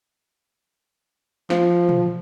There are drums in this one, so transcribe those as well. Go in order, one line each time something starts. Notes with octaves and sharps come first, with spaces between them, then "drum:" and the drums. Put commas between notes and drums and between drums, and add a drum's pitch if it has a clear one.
F3, drum: snare
drum: tom